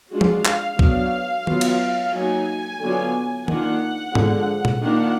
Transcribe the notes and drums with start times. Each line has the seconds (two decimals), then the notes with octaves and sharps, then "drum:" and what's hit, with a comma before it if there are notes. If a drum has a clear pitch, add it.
0.12 G#3 D4 F4 F#4
0.21 drum: tom F3
0.45 F5, drum: clap
0.79 F#3 B3 D4 F5, drum: kick B1
1.47 F#3 B3 F4, drum: tom D#3
1.61 drum: cymbal
2.14 F#3 A#3 D#4 G#5
2.81 D3 F#3 B3 D4 F4
3.48 D#3 A#3 D4 F4 F#5, drum: tom D#3
4.15 D3 F3 G#3, drum: tom G#2
4.65 drum: tom A#2
4.83 D#3 A#3 D4 F4 F#5